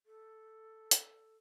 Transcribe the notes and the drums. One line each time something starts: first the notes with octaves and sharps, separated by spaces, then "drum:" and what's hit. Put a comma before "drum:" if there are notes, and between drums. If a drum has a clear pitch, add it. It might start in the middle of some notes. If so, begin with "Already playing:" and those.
A4
drum: hi-hat